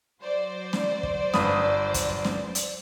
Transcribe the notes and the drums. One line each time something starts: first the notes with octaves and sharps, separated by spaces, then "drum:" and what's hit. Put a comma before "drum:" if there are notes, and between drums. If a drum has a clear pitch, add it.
F#3 C5 D5
drum: snare
drum: kick
G1 B5 D#6, drum: snare
drum: kick, hi-hat
drum: snare
drum: hi-hat